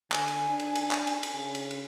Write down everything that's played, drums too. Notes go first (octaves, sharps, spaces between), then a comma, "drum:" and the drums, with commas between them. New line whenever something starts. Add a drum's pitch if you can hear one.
D3 G#5, drum: clap
drum: cymbal
D4
drum: cymbal
drum: cymbal
drum: clap
drum: cymbal
drum: cymbal
C#3
drum: cymbal
drum: cymbal